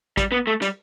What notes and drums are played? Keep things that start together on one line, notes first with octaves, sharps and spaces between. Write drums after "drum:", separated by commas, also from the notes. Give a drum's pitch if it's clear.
G3, drum: kick, hi-hat
B3
A3
G3, drum: hi-hat